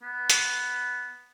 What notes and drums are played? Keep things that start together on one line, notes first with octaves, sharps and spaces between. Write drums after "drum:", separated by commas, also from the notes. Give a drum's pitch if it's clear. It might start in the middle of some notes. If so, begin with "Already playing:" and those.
B3
drum: hi-hat